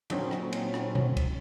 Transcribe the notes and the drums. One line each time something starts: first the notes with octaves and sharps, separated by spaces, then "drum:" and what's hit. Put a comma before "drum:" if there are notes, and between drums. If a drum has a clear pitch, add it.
A#2 D3 F#3 C4 C#4 D#4, drum: cymbal
drum: rim click
drum: cymbal
drum: rim click
drum: tom B2
drum: kick C#2, cymbal